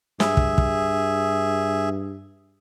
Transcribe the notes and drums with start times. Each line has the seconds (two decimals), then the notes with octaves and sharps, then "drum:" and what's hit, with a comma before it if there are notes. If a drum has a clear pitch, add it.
0.20 G2 G#4 E5, drum: snare
0.37 drum: kick
0.58 drum: kick